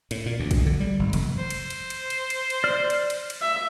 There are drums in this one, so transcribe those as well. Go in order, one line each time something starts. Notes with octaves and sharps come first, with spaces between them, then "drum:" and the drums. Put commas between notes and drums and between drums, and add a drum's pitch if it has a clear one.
A2, drum: cymbal
A#2
D2
drum: kick, cymbal
D3
G3
G#1
F1, drum: cymbal
C5
drum: cymbal
drum: cymbal
drum: cymbal
drum: cymbal
drum: cymbal
drum: cymbal
D5 F6
drum: cymbal
drum: cymbal
drum: cymbal
E5